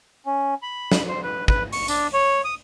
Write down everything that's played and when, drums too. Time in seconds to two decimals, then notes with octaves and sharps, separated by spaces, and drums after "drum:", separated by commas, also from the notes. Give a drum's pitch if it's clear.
0.26 C#4
0.62 B5
0.92 drum: snare
1.08 C5
1.23 B4
1.48 B4, drum: kick
1.73 C#6, drum: open hi-hat
1.88 D4, drum: tambourine
2.13 C#5
2.44 D#6